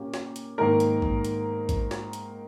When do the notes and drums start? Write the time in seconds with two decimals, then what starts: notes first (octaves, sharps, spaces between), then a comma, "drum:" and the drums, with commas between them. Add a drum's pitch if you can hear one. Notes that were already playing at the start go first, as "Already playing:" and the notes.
Already playing: A#2 A#3 C#4 G4
0.14 drum: snare
0.36 drum: hi-hat
0.58 G#2 D#3 A#3 A#4
0.80 drum: hi-hat
1.02 drum: kick
1.25 drum: hi-hat
1.69 drum: kick, hi-hat
1.91 drum: snare
2.13 drum: hi-hat